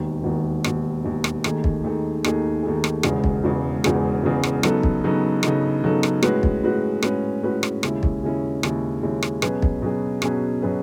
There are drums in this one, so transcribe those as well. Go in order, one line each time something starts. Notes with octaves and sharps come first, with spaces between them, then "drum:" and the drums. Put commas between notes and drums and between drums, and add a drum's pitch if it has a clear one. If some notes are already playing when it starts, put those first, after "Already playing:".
Already playing: E1 D#2 D#3
E1 D#2 D#3
E1 D#2 D#3, drum: rim click
E1 D#2 D#3
drum: rim click
D#2 D#3 A3 D#4 G#4, drum: rim click
drum: kick
D#2 D#3 A3 D#4 G#4
D#2 D#3 A3 D#4 G#4, drum: rim click
D#2 D#3 A3 D#4 G#4
drum: rim click
E1 E2 C#3 G#3, drum: rim click
drum: kick
E1 E2 C#3 G#3
E1 E2 C#3 G#3, drum: rim click
E1 E2 C#3 G#3
drum: rim click
C#3 F#3 B3 D#4 A4, drum: rim click
drum: kick
C#3 F#3 B3 D#4 A4
C#3 F#3 B3 D#4 A4, drum: rim click
C#3 F#3 B3 D#4 A4
drum: rim click
A2 G#3 C#4 F#4 B4, drum: rim click
drum: kick
A2 G#3 C#4 F#4 B4
A2 G#3 C#4 F#4 B4, drum: rim click
A2 G#3 C#4 F#4 B4
drum: rim click
D#2 C#3 G#3 C#4 E4, drum: rim click
drum: kick
D#2 C#3 G#3 C#4 E4
D#2 C#3 G#3 C#4 E4, drum: rim click
D#2 C#3 G#3 C#4 E4
drum: rim click
B2 F#3 C#4 G#4 B4, drum: rim click
drum: kick
B2 F#3 C#4 G#4 B4
B2 F#3 C#4 G#4 B4, drum: rim click
B2 F#3 C#4 G#4 B4